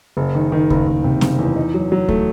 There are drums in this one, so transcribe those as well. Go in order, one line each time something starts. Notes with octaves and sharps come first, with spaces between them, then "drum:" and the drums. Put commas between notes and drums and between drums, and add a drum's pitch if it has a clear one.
F#1
D#3
D#3
F#1, drum: kick D2
F#1
C3
F#1, drum: snare C4
E2
D#4
F#3
F#3
A3, drum: kick D2